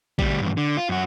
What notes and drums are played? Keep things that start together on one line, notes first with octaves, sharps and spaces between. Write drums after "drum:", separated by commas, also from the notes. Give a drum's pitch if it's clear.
D2 G3, drum: kick A1
E2 G2
D3
F4
F#2 F#4